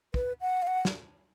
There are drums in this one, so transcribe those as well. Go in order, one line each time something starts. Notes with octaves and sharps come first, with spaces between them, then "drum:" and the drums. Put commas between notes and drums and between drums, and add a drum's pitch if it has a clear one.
B4, drum: kick
F#5
F5
F#5
drum: snare